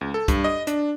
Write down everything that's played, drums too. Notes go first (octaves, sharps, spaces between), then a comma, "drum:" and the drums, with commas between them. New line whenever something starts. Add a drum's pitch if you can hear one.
C#2
A4
G2, drum: kick, hi-hat
D#5
D4, drum: hi-hat